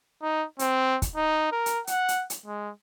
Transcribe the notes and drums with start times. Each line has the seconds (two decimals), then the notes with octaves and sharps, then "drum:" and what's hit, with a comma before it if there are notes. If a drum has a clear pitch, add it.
0.22 D#4
0.59 C4, drum: hi-hat
1.02 drum: kick, hi-hat
1.16 D#4
1.52 A#4
1.66 drum: hi-hat
1.87 F#5, drum: hi-hat
2.08 drum: hi-hat
2.30 drum: hi-hat
2.46 G#3